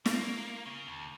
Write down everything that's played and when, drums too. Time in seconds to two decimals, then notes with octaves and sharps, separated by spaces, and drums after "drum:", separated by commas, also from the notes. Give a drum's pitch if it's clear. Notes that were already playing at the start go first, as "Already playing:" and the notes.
0.06 A#3, drum: snare
0.66 C#3
0.87 D2